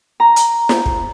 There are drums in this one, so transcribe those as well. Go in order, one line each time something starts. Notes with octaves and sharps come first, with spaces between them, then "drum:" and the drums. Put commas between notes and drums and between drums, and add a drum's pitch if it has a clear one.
A#5
drum: hi-hat
drum: snare
drum: kick